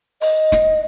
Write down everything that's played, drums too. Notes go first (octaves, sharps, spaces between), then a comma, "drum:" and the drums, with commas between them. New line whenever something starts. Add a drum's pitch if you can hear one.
D#5, drum: open hi-hat
drum: snare